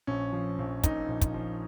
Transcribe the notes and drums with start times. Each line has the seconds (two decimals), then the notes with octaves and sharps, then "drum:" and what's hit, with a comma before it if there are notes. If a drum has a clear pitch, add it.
0.07 A#1 C#4
0.33 F3
0.59 A#1
0.83 A#2 D#4, drum: kick, hi-hat
1.08 A#1
1.21 drum: kick, hi-hat
1.34 F3